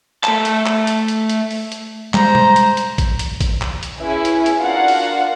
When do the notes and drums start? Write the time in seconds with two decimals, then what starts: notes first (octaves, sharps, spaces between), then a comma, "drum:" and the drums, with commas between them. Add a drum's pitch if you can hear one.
0.24 A3 A5, drum: clap
0.45 drum: hi-hat
0.66 drum: clap
0.87 drum: hi-hat
1.08 drum: hi-hat
1.29 drum: hi-hat
1.51 drum: open hi-hat
1.72 drum: hi-hat
2.14 G3 G#3 C5 A#5, drum: clap
2.35 drum: tom B2
2.56 drum: hi-hat
2.77 drum: hi-hat
2.98 drum: kick A1, hi-hat
3.19 drum: hi-hat
3.41 drum: kick A1, hi-hat
3.62 drum: clap
3.83 drum: hi-hat
3.99 C#4 E4 G#4 B4 E5 G#5
4.25 drum: hi-hat
4.46 drum: hi-hat
4.59 D4 F4 F#4 A#4 F5 F#5
4.88 drum: open hi-hat